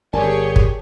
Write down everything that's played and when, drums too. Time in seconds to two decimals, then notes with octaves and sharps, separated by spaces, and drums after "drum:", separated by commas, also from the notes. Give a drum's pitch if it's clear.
0.13 G1 G4 G#4 A#4 C#5 D5 G#5 A5
0.56 drum: kick G1